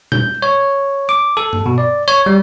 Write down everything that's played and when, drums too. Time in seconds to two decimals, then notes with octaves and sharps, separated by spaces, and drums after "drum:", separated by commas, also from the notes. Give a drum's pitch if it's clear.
0.12 G6, drum: tom A#2
0.42 C#5
1.09 D6
1.37 A4
1.53 drum: tom G2
1.66 B2
1.78 D5
2.08 C#5
2.26 G3